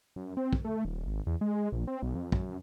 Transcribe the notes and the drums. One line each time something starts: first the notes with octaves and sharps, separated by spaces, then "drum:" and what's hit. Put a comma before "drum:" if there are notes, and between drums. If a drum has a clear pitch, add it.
F#2
C4
drum: kick
A3
D#1
G#1
E2
G#3
A#1
C4
B1
F2
F#2, drum: kick